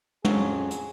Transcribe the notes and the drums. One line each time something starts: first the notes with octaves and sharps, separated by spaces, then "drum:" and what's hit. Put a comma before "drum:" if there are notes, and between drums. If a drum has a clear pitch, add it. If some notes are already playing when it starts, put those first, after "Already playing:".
F2 F#3 C#4 G#4, drum: tom
drum: hi-hat